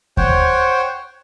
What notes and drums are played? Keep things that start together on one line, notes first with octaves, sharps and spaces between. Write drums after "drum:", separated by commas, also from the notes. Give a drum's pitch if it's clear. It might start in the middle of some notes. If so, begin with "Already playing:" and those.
C5 C#5 F#5 G5, drum: kick D#2